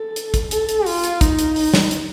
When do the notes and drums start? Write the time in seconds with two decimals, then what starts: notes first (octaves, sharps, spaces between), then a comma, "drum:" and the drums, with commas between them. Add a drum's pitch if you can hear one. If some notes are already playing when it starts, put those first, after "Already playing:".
Already playing: A4
0.16 drum: hi-hat
0.34 drum: kick, hi-hat
0.51 A4, drum: hi-hat
0.69 drum: hi-hat
0.86 F4, drum: open hi-hat
1.04 drum: hi-hat
1.21 D#4, drum: kick, hi-hat
1.39 drum: hi-hat
1.56 drum: open hi-hat
1.74 drum: snare
1.91 drum: hi-hat